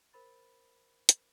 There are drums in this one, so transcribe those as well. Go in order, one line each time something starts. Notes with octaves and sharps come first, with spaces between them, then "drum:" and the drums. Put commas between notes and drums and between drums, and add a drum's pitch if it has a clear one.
A#4 C5 B5 A6
drum: hi-hat